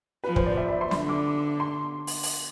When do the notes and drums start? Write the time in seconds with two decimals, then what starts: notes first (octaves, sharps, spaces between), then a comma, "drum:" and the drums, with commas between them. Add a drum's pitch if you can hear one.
0.24 F3 B4
0.36 C5, drum: kick
0.46 D5
0.57 E5
0.69 B5
0.81 C6
0.91 D3 C6, drum: snare
1.09 D6
1.60 C6
2.07 drum: open hi-hat
2.23 drum: open hi-hat